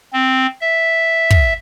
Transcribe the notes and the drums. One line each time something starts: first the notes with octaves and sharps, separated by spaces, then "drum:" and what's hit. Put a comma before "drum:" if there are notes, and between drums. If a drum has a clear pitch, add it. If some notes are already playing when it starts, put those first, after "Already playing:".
C4
E5
drum: kick